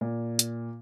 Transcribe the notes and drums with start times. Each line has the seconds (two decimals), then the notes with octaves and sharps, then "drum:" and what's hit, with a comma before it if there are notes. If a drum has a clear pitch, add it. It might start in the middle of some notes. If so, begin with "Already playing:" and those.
0.01 A#2
0.39 drum: hi-hat